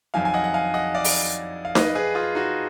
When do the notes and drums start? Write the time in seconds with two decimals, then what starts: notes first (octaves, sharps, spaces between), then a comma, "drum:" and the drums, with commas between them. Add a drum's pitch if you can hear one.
0.14 F2 D#3 F#3 F5 G#5
0.25 G#5
0.34 D#5 F#5
0.44 F#5
0.54 F5 G#5
0.74 D#5 F#5
0.95 D5 F5
1.04 drum: open hi-hat
1.65 F5
1.75 B4 D#5, drum: snare D#4
1.95 G#4 B4
2.15 F4 G#4
2.35 D#4 F#4